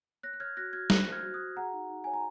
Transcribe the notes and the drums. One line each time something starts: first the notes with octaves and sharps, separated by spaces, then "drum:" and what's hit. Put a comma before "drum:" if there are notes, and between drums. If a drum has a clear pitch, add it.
C#5 F#6 A#6
F#6
C#5 F6 G#6
F#4 F#6 A#6
F#4 F6 G#6
C5 F#6 A#6, drum: snare
C5
F6 G#6
F#4
D#6 F#6
F#4
G#4 F#5 A#5
D#4
D#4
C#5 G#5
A#5